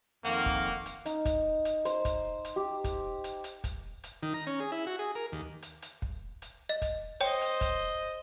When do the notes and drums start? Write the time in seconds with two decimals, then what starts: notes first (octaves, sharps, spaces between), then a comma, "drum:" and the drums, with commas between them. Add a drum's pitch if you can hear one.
0.25 F2 D#3 A#3 F#5, drum: hi-hat
0.46 drum: kick
0.86 drum: hi-hat
1.06 D#4, drum: hi-hat
1.25 drum: kick, hi-hat
1.65 drum: hi-hat
1.85 C5, drum: hi-hat
2.05 drum: kick, hi-hat
2.45 drum: hi-hat
2.56 G4
2.84 drum: kick, hi-hat
3.24 drum: hi-hat
3.44 drum: hi-hat
3.64 drum: kick, hi-hat
4.04 drum: hi-hat
4.23 D#3
4.34 A#5
4.47 C#4
4.60 G#4
4.72 E4
4.87 F#4
4.99 G#4
5.15 A#4
5.32 D#2
5.62 drum: hi-hat
5.82 drum: hi-hat
6.02 drum: kick
6.42 drum: hi-hat
6.69 D#5
6.82 drum: kick, hi-hat
7.21 C5 C#5 D#5 G5, drum: hi-hat
7.41 drum: hi-hat
7.61 drum: kick, hi-hat